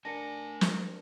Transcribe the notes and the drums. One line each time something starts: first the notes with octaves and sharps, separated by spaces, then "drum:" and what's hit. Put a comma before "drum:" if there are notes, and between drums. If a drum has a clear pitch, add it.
A3 D4 A#4 F#5 G#5 A#6 C#7
drum: snare